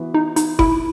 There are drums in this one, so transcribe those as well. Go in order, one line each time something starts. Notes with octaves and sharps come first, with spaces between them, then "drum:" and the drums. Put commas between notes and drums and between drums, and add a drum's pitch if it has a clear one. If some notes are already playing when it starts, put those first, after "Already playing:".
Already playing: E3 B3 F#4
D#4
D#4, drum: hi-hat
E4, drum: kick F#1